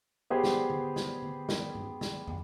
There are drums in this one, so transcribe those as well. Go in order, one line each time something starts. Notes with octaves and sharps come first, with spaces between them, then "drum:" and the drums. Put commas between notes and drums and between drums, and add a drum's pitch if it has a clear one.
B3 G4 G#4 C5
drum: snare
drum: tom D3
drum: snare
drum: tom D3
drum: snare
drum: tom G2
drum: snare
drum: tom